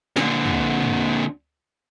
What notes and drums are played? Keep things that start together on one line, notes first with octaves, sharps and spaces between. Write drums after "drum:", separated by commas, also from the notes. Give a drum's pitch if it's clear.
A#2 D3, drum: snare
drum: tom
drum: tom